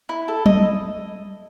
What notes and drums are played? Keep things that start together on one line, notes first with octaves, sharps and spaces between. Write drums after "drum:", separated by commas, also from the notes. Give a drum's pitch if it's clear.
E4
A4
D#5, drum: tom F#3